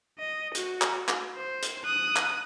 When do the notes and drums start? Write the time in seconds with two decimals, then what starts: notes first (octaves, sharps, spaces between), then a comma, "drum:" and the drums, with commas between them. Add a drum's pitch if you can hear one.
0.19 D#5
0.55 F#4, drum: hi-hat
0.82 drum: clap
1.09 drum: clap
1.36 C5
1.62 drum: hi-hat
1.85 D#6 F#6
2.16 drum: clap